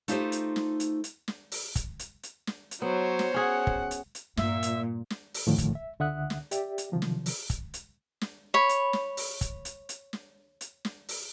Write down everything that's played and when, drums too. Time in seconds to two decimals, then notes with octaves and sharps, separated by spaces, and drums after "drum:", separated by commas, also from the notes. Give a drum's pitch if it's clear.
0.08 A3 D#4 F4 G4 A4 C5, drum: hi-hat
0.32 drum: hi-hat
0.56 drum: snare
0.80 drum: hi-hat
1.04 drum: hi-hat
1.28 drum: snare
1.52 drum: open hi-hat
1.75 drum: kick, hi-hat
1.99 drum: hi-hat
2.23 drum: hi-hat
2.47 drum: snare
2.71 drum: hi-hat
2.82 F#3 B3 C5 C#5
3.19 drum: snare
3.34 C#4 G#4 F#5
3.67 drum: kick
3.91 drum: hi-hat
4.15 drum: hi-hat
4.37 G2 A#2 E5, drum: snare
4.63 drum: hi-hat
5.10 drum: snare
5.34 drum: open hi-hat
5.46 D2 A2 D3 D#3 F3 A3
5.58 drum: kick, hi-hat
5.75 E5
6.00 C#2 D3 E5 F#5 D#6 F#6
6.30 drum: snare
6.51 G4 D5 E5 G5, drum: hi-hat
6.78 drum: hi-hat
6.92 C3 D#3 F3 F#3
7.02 drum: snare
7.26 drum: open hi-hat
7.50 drum: kick, hi-hat
7.74 drum: hi-hat
8.21 drum: snare
8.54 C#5 B5
8.69 drum: hi-hat
8.93 drum: snare
9.17 drum: open hi-hat
9.41 drum: kick, hi-hat
9.65 drum: hi-hat
9.89 drum: hi-hat
10.13 drum: snare
10.61 drum: hi-hat
10.85 drum: snare
11.09 drum: open hi-hat